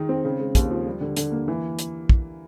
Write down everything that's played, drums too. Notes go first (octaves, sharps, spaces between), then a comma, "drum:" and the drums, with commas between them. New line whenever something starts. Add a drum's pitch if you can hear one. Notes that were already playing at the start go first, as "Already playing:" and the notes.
Already playing: D#3 G#3 D#4
C4
C#3
G#3
D#2, drum: kick, hi-hat
F3
G3
D3
D3, drum: hi-hat
A#3
E3
drum: hi-hat
drum: kick